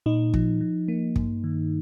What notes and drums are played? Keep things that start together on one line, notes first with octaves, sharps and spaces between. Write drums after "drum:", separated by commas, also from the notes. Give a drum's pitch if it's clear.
A#2 D#4
F3, drum: kick
F3
A#3
G2, drum: kick
D#3